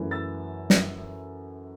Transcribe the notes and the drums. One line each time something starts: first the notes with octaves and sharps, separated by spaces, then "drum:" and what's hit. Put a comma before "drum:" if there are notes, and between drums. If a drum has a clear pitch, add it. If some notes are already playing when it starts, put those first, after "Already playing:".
Already playing: F#2 E3 A3
E6 A6
drum: snare